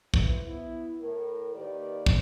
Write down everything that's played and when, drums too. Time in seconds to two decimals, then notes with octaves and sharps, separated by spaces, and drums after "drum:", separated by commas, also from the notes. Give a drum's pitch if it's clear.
0.14 F3 E4 B4, drum: kick
0.47 B3 E4
1.01 A2 A#4
1.55 D#3 A#3 G4 B4 D5
2.06 drum: kick